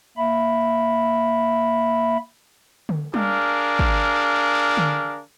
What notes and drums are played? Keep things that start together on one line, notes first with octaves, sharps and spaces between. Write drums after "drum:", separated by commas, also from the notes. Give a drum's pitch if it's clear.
A#3 E5 B5
drum: tom D3
D4 G#4 A#4 F5, drum: tom G3
drum: kick
drum: tom D3